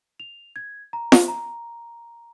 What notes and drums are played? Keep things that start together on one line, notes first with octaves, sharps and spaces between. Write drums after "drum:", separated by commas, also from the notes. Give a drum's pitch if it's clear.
F7
G#6
A#5
drum: snare F4
A#5